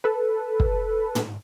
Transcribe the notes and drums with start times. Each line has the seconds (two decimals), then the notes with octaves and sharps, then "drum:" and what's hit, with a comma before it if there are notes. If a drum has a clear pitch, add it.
0.04 A4 B4
0.60 drum: kick
1.15 drum: tom